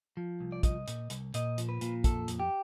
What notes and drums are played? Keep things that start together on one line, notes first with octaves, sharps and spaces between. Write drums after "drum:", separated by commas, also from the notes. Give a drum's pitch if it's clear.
F3
C2
D5
C2 D#5, drum: kick, hi-hat
A#2, drum: hi-hat
C2, drum: hi-hat
A#2 D#5, drum: hi-hat
F3, drum: hi-hat
B4
A#2, drum: hi-hat
F2 A4, drum: kick, hi-hat
F2, drum: hi-hat
G4